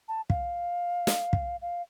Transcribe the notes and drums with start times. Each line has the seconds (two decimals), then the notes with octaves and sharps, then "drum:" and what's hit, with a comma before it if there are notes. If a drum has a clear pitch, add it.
0.08 A5
0.30 F5, drum: kick
1.07 drum: snare
1.33 drum: kick
1.62 F5